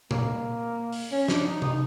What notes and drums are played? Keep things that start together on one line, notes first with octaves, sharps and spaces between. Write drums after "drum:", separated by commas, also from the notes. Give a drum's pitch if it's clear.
A#3, drum: tom A#2
drum: open hi-hat
C#4
D4, drum: snare
D#4
D#4, drum: tom C3